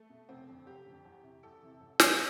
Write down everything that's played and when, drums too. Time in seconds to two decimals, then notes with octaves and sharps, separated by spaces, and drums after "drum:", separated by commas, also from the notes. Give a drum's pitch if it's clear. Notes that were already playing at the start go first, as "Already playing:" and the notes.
Already playing: A3
0.09 B2
0.29 F1 C4
0.47 F2 D3
0.66 F1 G4
0.85 F2 D3
1.05 E2
1.23 C3 E3
1.43 E2 A4
1.62 C3 E3
1.80 A1
2.00 G2 E3, drum: snare